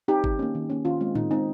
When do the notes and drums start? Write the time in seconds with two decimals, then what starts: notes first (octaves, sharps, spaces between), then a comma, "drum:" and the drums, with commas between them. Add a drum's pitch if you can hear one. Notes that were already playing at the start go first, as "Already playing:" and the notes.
0.08 C4 D#4 G4
0.24 D#3, drum: kick G1
0.39 A#3 C#4
0.55 D#3
0.70 A#3 C#4
0.85 D#3 C#4 F4
1.01 G#3 C4
1.15 D#3 D#4, drum: tom A2
1.31 G#3 C4 D#4